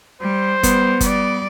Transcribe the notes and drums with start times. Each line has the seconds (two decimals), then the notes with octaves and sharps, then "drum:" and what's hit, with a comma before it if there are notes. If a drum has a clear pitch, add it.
0.22 G3 C5
0.63 G3 B3, drum: kick F#1, hi-hat
1.01 G3 D5, drum: kick F#1, hi-hat